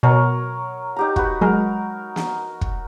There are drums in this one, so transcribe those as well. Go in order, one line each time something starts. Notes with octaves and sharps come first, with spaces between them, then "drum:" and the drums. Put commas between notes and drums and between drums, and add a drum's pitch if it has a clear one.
B2 F#3 A#4 C#5
D#4 G4 A#5
F#4 B4, drum: kick
F#3 G#3 A#4
drum: snare
drum: kick